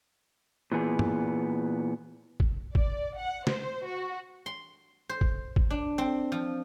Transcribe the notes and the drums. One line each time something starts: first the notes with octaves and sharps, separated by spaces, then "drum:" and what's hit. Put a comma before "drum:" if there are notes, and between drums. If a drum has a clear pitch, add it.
A#2 E3 B3 G#4
drum: tom
drum: kick G#1
D5, drum: kick G#1
F#5
C5, drum: snare
F#4
C6
C5
drum: kick G#1
drum: kick G#1
D4
C4
F3